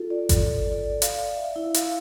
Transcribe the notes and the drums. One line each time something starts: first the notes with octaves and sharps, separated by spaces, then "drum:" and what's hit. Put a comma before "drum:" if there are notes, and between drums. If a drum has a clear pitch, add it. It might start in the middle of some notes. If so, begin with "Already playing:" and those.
Already playing: F4 A4
D5
A4, drum: kick G#1, hi-hat
A4
D5
D5
F5, drum: hi-hat
D5
E5
E4
F5, drum: hi-hat